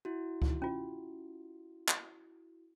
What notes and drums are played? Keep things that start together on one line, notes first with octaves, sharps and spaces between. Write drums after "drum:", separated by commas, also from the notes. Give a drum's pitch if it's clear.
E4 F#4
drum: kick C#2
C#4 F4
drum: clap